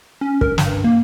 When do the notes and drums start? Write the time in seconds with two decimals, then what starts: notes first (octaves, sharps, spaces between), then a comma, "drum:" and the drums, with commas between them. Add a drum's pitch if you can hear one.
0.21 C#4
0.41 A#4, drum: kick
0.58 G2, drum: snare
0.84 A#3